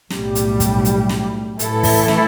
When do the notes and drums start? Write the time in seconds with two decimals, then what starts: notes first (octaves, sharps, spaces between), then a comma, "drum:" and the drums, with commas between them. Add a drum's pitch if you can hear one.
0.10 B1 A2 G3, drum: snare
0.35 drum: hi-hat
0.60 drum: kick, hi-hat
0.85 drum: hi-hat
1.09 drum: snare
1.59 A2 E3 A3 E4 A4, drum: hi-hat
1.83 drum: kick, open hi-hat
2.08 drum: snare